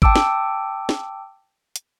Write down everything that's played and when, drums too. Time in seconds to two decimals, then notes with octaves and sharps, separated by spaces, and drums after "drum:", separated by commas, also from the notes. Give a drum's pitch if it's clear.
0.02 G5 A5 D6 E6 D7, drum: kick G#1
0.16 drum: snare
0.89 drum: snare
1.76 drum: hi-hat